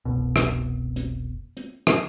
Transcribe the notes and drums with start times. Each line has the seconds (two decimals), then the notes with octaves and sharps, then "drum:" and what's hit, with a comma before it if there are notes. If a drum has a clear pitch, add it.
0.05 F1 C2 B2
0.36 drum: rim click
0.96 drum: hi-hat
1.57 drum: hi-hat
1.87 drum: rim click